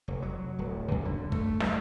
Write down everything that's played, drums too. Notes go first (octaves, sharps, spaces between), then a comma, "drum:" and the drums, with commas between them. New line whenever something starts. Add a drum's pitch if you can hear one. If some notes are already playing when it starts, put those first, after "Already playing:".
F1
F#3
D1
D#2
D3
A3, drum: kick
drum: snare